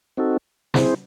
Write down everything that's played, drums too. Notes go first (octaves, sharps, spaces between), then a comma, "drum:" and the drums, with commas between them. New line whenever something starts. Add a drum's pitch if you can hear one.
C4 D#4 F#4 A4
C4 E4 G#4 C5, drum: snare